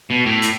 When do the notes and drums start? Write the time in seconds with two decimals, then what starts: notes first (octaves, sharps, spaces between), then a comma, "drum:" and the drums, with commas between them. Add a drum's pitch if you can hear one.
0.10 B2
0.26 A2
0.42 drum: hi-hat